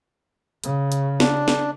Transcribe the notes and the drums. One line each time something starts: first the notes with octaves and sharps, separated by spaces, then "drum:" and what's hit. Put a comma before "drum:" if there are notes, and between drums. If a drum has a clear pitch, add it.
C#3, drum: hi-hat
drum: hi-hat
D4, drum: snare
drum: snare